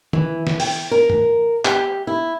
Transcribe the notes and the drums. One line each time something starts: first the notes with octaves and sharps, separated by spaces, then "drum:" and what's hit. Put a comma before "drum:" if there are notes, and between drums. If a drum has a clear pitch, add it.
E3, drum: tom
drum: snare
G5, drum: open hi-hat
A#4
drum: tom G#2
G4, drum: clap
E4